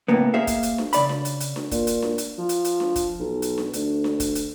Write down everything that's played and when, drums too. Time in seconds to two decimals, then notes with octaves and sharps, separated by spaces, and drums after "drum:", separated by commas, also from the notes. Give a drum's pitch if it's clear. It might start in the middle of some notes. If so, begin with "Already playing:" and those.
0.08 C#2 A2 C#3 A#3 B3
0.34 A#3 G#4 C5 E5 F5
0.47 drum: kick, hi-hat
0.63 drum: hi-hat
0.78 drum: snare D4
0.93 C#3 D5 B5, drum: hi-hat
1.09 drum: snare D4
1.25 drum: hi-hat
1.40 drum: hi-hat
1.56 drum: snare D4
1.71 A#2, drum: kick, hi-hat
1.87 drum: hi-hat
2.02 drum: snare D4
2.18 drum: hi-hat
2.38 F3
2.49 drum: hi-hat
2.65 drum: hi-hat
2.80 drum: snare D4
2.96 drum: kick, hi-hat
3.19 B1
3.42 drum: hi-hat
3.58 drum: snare D4
3.73 D2, drum: hi-hat
4.04 drum: snare D4
4.20 drum: kick, hi-hat
4.35 drum: hi-hat